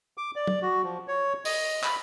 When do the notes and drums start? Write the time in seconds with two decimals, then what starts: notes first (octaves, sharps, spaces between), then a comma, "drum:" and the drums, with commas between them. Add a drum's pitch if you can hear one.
0.17 D6
0.36 D5
0.47 drum: tom
0.62 F#4
0.83 F3
1.08 C#5
1.45 D#5, drum: open hi-hat
1.84 B5, drum: clap